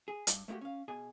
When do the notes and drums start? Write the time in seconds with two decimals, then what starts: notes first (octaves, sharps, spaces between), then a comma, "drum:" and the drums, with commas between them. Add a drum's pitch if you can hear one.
0.08 G#4
0.27 G2, drum: hi-hat
0.48 A3 A#3 D#4 F#4 G4
0.61 C#4 F5
0.88 B2 G#4 G#5